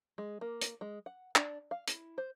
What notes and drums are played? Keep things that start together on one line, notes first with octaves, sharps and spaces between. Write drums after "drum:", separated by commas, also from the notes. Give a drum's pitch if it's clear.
G#3
A#3
drum: hi-hat
G#3
F#5
D4, drum: clap
F5
E4, drum: hi-hat
C5